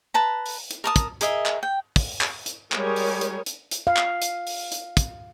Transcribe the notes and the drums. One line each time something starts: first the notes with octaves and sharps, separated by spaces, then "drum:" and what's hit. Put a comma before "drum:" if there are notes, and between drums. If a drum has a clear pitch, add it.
B4 A5 A#5
drum: open hi-hat
drum: hi-hat
A#4 A5 D#6
drum: kick, hi-hat
G#4 A#4 D#5 E5, drum: hi-hat
drum: clap
G5
drum: kick, open hi-hat
drum: clap
drum: hi-hat
G3 G#3 G#4 A#4 C#5, drum: clap
drum: open hi-hat
drum: hi-hat
drum: hi-hat
drum: hi-hat
F5
drum: clap
drum: hi-hat
drum: open hi-hat
drum: hi-hat
drum: kick, hi-hat